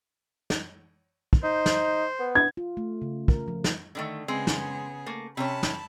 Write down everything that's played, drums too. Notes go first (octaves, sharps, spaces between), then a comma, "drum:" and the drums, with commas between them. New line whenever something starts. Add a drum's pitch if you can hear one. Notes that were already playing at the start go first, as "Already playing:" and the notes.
drum: snare
drum: kick
D#4 C5
drum: snare
B3
G#6
F4
A3
C#3
A#4, drum: kick
F3
drum: snare
D3 D#3 A3
C#3 G#3 B3 C4 G#4
drum: snare
A3 A#3
C3 C#4 C#5 A5 B5
drum: snare